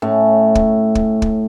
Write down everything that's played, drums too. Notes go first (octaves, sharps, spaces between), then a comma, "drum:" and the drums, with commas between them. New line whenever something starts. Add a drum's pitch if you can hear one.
A2 C#4
drum: kick
drum: kick
drum: kick